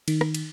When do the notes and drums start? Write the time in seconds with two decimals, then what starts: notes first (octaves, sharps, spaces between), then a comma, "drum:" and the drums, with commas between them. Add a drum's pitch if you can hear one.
0.08 D#3, drum: cymbal
0.21 drum: rim click
0.35 drum: cymbal